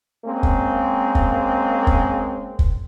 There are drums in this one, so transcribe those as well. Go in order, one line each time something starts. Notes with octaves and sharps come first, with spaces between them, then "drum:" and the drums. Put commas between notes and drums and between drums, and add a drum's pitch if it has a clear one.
G#3 A#3 C4 C#4
drum: kick
drum: kick
drum: kick
drum: kick